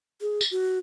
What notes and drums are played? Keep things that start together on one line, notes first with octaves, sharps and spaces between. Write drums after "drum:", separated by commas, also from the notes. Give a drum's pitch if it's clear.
G#4
drum: tambourine
F#4